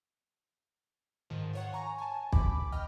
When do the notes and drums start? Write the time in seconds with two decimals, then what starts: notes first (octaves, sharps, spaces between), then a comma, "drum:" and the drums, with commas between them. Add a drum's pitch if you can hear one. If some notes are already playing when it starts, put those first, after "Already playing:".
1.30 G#2 D#3 F3
1.53 F4 C#5 F#5
1.73 G#5 A#5 C#6
1.98 G#5 A5
2.33 B5 D6, drum: kick
2.72 D#5 G5 F6